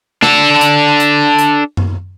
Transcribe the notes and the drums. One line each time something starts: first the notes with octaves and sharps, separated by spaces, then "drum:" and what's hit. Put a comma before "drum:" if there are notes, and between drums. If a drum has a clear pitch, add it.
D4 A4, drum: snare
drum: hi-hat
drum: hi-hat
drum: hi-hat
drum: tom F#2